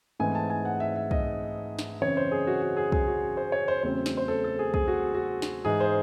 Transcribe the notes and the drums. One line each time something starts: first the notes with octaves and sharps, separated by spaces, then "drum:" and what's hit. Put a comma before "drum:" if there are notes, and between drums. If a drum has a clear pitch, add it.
G#2 E3 A3 C4 G#5
A5
G#5
F#5
E5
E5
D#5, drum: kick
drum: snare
F#2 C#3 E3 C4 C#5
C5
G#4
F#4
F#4
G#4
G#4, drum: kick
F#4
C5
C#5
C5
E2 C#3 F#3 A3 C4 C5
drum: snare
C5
A4
A4
G#4
G#4, drum: kick
F#4
F#4
drum: snare
G#2 E3 G#3 G#4
C5